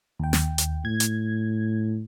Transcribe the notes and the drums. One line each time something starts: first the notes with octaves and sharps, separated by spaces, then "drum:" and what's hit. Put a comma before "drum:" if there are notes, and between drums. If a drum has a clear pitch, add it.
D#2 G5
drum: snare
drum: hi-hat
A2 G#6
drum: hi-hat